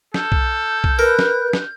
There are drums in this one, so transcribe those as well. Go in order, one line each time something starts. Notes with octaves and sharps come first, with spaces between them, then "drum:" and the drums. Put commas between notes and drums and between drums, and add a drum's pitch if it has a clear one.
A4 F6 G6, drum: snare
drum: kick B1
drum: kick B1
A#4 B4
drum: snare
drum: snare